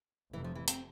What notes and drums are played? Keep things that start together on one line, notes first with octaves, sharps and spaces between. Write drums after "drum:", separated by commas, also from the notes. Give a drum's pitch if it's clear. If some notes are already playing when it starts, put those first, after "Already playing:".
F1 F2 C3 E3
F3
E3
C4, drum: hi-hat